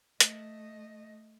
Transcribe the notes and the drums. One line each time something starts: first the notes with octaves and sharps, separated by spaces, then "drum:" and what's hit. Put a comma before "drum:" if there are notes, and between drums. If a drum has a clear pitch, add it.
A3 D#5, drum: hi-hat